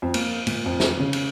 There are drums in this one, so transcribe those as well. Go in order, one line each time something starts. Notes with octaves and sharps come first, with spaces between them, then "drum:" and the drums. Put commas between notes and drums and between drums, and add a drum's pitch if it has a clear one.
F2
A#3, drum: cymbal
A#2, drum: cymbal
F2
drum: snare
C#3
drum: cymbal